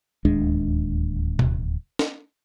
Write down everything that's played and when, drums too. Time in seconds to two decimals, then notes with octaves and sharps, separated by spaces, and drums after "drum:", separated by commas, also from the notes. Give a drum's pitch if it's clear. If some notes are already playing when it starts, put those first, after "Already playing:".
0.25 D1 D#2 G#3 D4
1.39 drum: tom B2
1.99 drum: snare